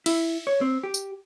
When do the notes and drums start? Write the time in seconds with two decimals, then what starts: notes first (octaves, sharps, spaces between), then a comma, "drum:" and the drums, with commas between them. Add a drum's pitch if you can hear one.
0.06 E4, drum: cymbal
0.47 C#5
0.61 C4
0.83 G4
0.94 drum: tambourine